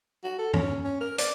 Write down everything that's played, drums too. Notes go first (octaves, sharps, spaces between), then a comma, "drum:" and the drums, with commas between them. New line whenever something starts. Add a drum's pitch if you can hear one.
F#4
A4
C#4, drum: tom G2
C#4
A#4
D5, drum: hi-hat